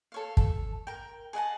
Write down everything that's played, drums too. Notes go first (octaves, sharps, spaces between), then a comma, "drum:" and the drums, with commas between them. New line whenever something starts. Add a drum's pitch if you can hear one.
A4 C#5 F5
A4, drum: kick
A#4 G5
G#4 D#5 F#5 A5